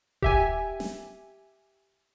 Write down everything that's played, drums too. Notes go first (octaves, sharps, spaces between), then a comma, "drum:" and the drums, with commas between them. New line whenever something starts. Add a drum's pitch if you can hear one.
G4 E5 G#5, drum: kick D#1
drum: snare